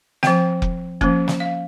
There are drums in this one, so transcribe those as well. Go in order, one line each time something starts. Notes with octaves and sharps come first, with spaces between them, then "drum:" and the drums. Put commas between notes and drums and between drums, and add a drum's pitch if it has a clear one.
F3 C4 G5, drum: snare
drum: kick F1
F3 A#3 C#4, drum: kick F1
drum: snare
F5